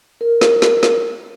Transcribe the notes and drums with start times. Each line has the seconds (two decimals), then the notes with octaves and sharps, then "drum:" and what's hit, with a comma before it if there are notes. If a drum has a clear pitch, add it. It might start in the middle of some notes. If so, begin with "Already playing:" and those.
0.21 A#4
0.41 drum: snare
0.62 drum: snare
0.83 drum: snare